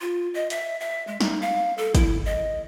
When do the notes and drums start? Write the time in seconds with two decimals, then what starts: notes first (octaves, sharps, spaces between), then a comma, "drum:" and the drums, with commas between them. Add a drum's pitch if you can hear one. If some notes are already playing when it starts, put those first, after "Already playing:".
0.01 F4
0.34 D#5
0.50 E5, drum: hi-hat
0.80 E5
1.07 G#3
1.21 D#4, drum: snare
1.42 F5
1.78 A4
1.95 E4, drum: kick, hi-hat
2.26 D#5